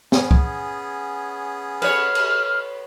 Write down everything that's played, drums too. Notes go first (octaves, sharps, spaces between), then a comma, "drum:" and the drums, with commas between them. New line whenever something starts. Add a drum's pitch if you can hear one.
B3 C#4 G#4, drum: snare
drum: kick
B4 C#5 F6, drum: cymbal
drum: cymbal